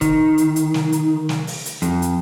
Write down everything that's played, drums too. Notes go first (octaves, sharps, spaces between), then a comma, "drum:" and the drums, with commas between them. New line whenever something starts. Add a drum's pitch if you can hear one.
D#3, drum: kick, hi-hat
drum: hi-hat
drum: hi-hat
drum: snare
drum: hi-hat
drum: snare
drum: open hi-hat
drum: hi-hat
F2, drum: hi-hat
drum: hi-hat